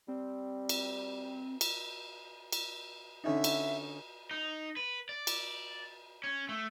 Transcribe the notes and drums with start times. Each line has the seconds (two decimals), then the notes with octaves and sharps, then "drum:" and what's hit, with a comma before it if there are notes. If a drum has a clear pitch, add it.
0.08 G3 C4
0.69 drum: cymbal
1.61 drum: cymbal
2.52 drum: cymbal
3.24 D3 C#4 D#4 E5
3.44 drum: cymbal
4.31 D#4
4.77 B4
5.09 D5
5.27 drum: cymbal
6.24 C#4
6.49 A3